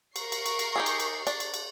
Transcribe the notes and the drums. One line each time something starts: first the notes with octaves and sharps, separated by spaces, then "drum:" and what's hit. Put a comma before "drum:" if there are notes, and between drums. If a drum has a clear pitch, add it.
A#4 C#6 C7, drum: cymbal
drum: cymbal
drum: cymbal
drum: cymbal
D#4 G4 G#4
drum: cymbal
drum: cymbal
D4, drum: cymbal
drum: cymbal
drum: cymbal